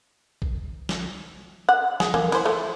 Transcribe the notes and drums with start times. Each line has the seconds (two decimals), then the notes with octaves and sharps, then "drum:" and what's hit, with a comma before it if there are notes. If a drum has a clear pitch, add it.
0.42 drum: kick
0.89 drum: snare
1.69 F#5
2.00 G#4, drum: snare
2.14 A#3, drum: tom E3
2.32 E4 C5, drum: cymbal
2.45 F3 A3